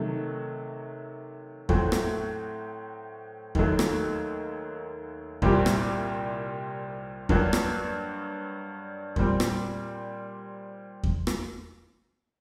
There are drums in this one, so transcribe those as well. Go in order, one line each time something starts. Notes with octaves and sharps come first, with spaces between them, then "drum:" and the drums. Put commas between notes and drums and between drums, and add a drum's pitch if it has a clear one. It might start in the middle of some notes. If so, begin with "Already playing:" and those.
Already playing: C3 D#3 F#3 A3
A2 F#3 A3 C4 F#4, drum: kick E2
drum: rim click
D#2 D#3 F#3 A3, drum: kick E2
drum: rim click
C2 A#2 G3 C4 G4, drum: kick E2
drum: rim click
G2 F#3 A#3 D4 F#4, drum: kick E2
drum: rim click
A#2 G3 C4, drum: kick E2
drum: rim click
drum: kick E2
drum: rim click